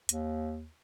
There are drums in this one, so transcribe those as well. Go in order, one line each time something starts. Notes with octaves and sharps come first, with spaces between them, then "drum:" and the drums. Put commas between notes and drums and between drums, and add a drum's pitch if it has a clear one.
D#2, drum: hi-hat